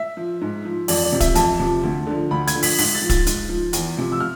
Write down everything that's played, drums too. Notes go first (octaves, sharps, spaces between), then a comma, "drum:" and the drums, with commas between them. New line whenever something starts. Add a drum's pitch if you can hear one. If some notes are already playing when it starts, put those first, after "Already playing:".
Already playing: E5
F3
G#2
F3
F2 D5, drum: open hi-hat
D5
C3 F3
E5, drum: kick, hi-hat
F2 A5, drum: hi-hat
C3 F3
D2
D3 F3
D2 B5
G#6, drum: hi-hat
D3 F3
B6, drum: open hi-hat
G#2 B6, drum: open hi-hat
A6
F3
A6, drum: kick, hi-hat
G#2, drum: hi-hat
F3
E2, drum: hi-hat
C3 F3
E6
F6